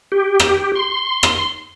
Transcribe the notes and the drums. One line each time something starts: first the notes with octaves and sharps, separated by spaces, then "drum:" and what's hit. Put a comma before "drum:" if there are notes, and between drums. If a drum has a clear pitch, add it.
G4
drum: rim click
C6
drum: rim click